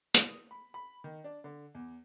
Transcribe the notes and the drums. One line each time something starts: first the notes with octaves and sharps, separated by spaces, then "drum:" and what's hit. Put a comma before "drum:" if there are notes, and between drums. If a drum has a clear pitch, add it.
D#6, drum: hi-hat
B5
B5
D#3
D4
D3
E2